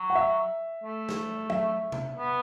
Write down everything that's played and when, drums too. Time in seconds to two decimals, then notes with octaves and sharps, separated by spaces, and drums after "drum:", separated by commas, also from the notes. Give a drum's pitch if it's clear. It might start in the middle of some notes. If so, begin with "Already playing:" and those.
Already playing: F#3
0.10 F#5
0.15 E5
0.83 A3
1.09 drum: snare
1.50 E5, drum: tom F#3
1.92 drum: tom C3
2.17 B3